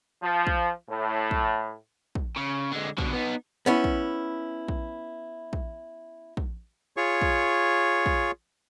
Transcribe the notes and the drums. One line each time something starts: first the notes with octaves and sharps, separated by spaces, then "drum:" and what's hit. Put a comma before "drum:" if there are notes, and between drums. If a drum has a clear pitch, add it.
F3
drum: kick
A2
drum: kick
drum: kick
C#3
D3 G#3
B2 D3, drum: kick
B3 D#4
B3 C#4 E4
drum: kick
drum: kick
drum: kick
drum: kick
F4 G#4 C#5 C#6
drum: kick
drum: kick